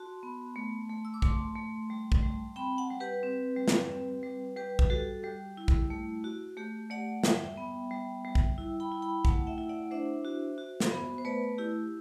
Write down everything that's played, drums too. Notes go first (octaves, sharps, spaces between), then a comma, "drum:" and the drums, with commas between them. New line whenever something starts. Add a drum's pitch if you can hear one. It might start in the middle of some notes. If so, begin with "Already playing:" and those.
Already playing: F#4 A5 C6
B3
A3
A3
E6
D6
A3 A5 C6, drum: kick A#1
A3
G3
drum: kick A#1
G3
C4 G5 B5
F#5 A5
G3
G4 B4
C4
G3
drum: snare
C4
G3
G3 G4 B4
drum: kick A#1
G3 F#4 A4
G3 G4
E4
drum: kick A#1
A3
F#4
A3 G4
A3 D5 F#5
G3 E5 G5, drum: snare
B3
G3
G3
drum: kick A#1
E4
G5 B5
E4
G5 B5
A3 F#5 A5, drum: kick A#1
E5 G5
E4
D5 F#5
D4 C5 E5
F#4
F#4
drum: snare
B3
C5
A3 B4 D5
E4 G4